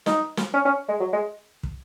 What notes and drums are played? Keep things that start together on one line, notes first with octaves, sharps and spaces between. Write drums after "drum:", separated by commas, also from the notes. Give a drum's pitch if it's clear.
D#4, drum: snare
drum: snare
C#4
C#4
G#3
F#3
G#3
drum: kick